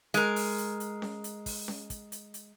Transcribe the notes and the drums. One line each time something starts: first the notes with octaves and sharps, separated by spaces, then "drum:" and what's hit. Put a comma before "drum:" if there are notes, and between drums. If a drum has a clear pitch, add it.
G#3 A#4, drum: hi-hat
drum: open hi-hat
drum: hi-hat
drum: hi-hat
drum: snare C#4
drum: hi-hat
drum: kick, open hi-hat
drum: snare C#4
drum: kick, hi-hat
drum: hi-hat
drum: hi-hat